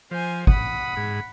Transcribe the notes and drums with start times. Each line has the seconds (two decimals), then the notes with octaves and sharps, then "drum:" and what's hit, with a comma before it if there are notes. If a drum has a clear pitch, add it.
0.11 F3 C5 G#5
0.47 F#5 B5 D#6, drum: kick
0.97 G#2